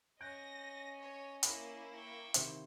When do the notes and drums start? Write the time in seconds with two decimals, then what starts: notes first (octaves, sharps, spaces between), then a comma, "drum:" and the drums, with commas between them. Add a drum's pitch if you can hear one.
0.21 C#4 D#5 F#6 G6 A#6 D7
0.99 C#5
1.43 A#3 E4 B5, drum: hi-hat
1.95 G5 C#6
2.34 C3 D#3 C5, drum: hi-hat